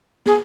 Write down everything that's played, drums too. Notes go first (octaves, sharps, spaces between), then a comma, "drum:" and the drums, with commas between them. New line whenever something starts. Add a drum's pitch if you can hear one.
G#4, drum: snare